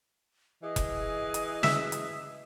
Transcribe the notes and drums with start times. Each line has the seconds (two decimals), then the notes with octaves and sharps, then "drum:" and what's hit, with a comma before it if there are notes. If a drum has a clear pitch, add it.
0.63 E3 G#4 D#5
0.76 drum: kick F1, hi-hat
1.34 drum: hi-hat
1.63 E5, drum: snare
1.92 drum: hi-hat